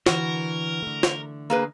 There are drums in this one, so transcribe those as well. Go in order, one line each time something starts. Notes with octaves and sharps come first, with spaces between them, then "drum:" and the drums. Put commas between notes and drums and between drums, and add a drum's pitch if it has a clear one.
D3 E3 F#4 A#4, drum: snare
D3 A3
drum: snare
A#3 G#4 B4